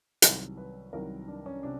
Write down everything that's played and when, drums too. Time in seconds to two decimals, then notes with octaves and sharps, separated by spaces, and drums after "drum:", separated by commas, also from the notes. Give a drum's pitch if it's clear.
0.22 C2 C3 D#3 F#3 C#5, drum: hi-hat
0.57 B4
0.93 C2 C3 D#3 F#3 A#4
1.28 D4
1.46 C#4
1.63 C3 D4